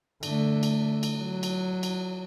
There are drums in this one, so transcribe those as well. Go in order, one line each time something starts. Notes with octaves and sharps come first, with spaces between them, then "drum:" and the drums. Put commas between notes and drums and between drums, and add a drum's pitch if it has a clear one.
D3 A3, drum: cymbal
drum: cymbal
drum: cymbal
F#3
drum: cymbal
drum: cymbal